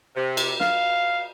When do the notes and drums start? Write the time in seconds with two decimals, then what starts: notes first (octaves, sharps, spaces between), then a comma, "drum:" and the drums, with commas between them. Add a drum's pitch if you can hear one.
0.16 C3
0.37 drum: cymbal
0.60 F5, drum: snare